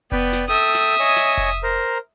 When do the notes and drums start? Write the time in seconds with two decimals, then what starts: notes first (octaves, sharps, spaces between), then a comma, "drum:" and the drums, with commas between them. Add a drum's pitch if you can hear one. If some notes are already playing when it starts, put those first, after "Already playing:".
0.12 B3 B4 D5 G5, drum: kick F1
0.33 drum: snare
0.49 A4 E5 G5 D#6
0.75 drum: snare
0.99 C#5 D#5 G#5
1.16 drum: snare
1.37 drum: kick F1
1.63 A#4 C5 A#5